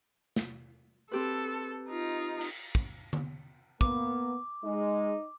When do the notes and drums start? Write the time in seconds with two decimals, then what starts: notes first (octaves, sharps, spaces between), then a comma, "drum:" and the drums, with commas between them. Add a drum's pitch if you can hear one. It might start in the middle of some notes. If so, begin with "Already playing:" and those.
0.36 drum: snare
1.12 C4 G4 A4 B4
1.89 D#4 F4
2.41 drum: cymbal
2.75 drum: kick
3.13 drum: tom D3
3.81 A#3 B3 D6, drum: kick
4.64 G#3 D#4